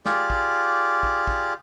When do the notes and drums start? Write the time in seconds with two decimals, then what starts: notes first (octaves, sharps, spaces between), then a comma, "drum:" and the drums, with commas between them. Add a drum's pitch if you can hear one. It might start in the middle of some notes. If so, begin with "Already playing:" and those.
0.05 F4 G4 G#4 D5, drum: snare
0.30 drum: kick A1
1.03 drum: kick A1
1.27 drum: kick A1